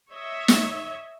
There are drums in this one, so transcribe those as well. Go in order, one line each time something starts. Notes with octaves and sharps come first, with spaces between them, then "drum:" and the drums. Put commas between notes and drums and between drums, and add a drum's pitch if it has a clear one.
C#5 D#5 E5
drum: snare